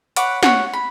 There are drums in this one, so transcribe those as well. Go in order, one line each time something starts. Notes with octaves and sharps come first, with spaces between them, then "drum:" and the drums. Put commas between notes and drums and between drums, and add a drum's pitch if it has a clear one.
B4 C#5 F#5 D6, drum: hi-hat
C#5 F#5, drum: snare
B5